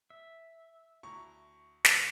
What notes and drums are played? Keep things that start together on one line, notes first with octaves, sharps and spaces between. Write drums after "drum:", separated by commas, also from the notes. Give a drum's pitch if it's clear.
E5
D2 E4 A#5 C#6
C#3 G#3 C#4, drum: snare